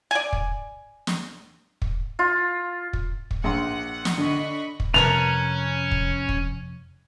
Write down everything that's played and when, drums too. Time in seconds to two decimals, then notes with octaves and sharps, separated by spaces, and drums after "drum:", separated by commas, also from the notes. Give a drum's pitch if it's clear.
0.11 D5 G#5
0.33 drum: kick
1.07 drum: snare
1.82 drum: kick
2.19 F4
2.93 drum: kick
3.31 drum: kick
3.44 A#1 F#5 C6
4.05 drum: snare
4.18 D3 D#5 B5 C#6
4.80 drum: kick
4.94 F2 C3 G3 C#4 A#4 B4 A5 F7
5.91 drum: kick
6.29 drum: kick